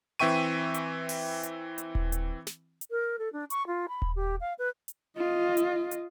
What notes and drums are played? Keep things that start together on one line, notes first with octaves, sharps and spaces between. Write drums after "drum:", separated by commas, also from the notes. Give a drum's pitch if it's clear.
E3 C4 E5 G5 C#6 D#7
drum: hi-hat
drum: open hi-hat
drum: hi-hat
drum: hi-hat
drum: kick D#1
drum: hi-hat
drum: snare
drum: hi-hat
A#4
A4
D4
C#6, drum: hi-hat
F4
B5
drum: kick D#1
G4
F5
B4
drum: hi-hat
F4 D#5
drum: hi-hat
drum: hi-hat